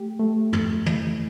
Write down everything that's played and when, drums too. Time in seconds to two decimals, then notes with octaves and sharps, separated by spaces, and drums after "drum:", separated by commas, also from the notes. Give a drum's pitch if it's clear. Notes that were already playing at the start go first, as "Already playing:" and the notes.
Already playing: A3 G4
0.19 A3
0.53 F2, drum: tom
0.86 E3, drum: tom